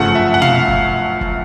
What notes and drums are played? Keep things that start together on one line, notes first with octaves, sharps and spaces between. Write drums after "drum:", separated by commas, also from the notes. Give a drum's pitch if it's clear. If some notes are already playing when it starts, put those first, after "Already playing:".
Already playing: G1 F#2 C#3 F3 A3 F#5
E5
F#5
F5, drum: tom
drum: kick
drum: kick